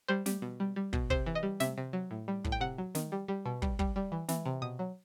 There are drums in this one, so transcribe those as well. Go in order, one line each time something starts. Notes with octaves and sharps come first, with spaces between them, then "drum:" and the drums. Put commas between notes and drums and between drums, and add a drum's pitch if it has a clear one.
G3 C5
G3, drum: snare
B2
G3
G3
B2, drum: kick
C3 C5, drum: kick
E3
D#5
G3
C3 E5, drum: snare
C3
F#3
A2
G3
A2, drum: kick
G5
C3 F#5
F#3
D#3, drum: snare
G3
G3
B2
G3, drum: kick
G3, drum: kick
G3
E3
E3, drum: snare
C3
B2 D#6
F#3